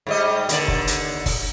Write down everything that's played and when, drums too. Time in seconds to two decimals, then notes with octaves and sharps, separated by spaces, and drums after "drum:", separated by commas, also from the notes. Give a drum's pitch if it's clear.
0.07 G#2 G3 D#5
0.49 D#2 D3 D5, drum: hi-hat
0.68 drum: kick F#1
0.87 drum: hi-hat
1.26 drum: kick F#1, open hi-hat